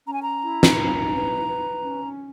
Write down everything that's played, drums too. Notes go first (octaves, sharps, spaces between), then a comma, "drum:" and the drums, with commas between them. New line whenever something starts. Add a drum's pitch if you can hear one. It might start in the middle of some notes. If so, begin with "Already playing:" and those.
C#4 A#5
G#5
A#5
E4
drum: snare
C#4
B4
B4
C#4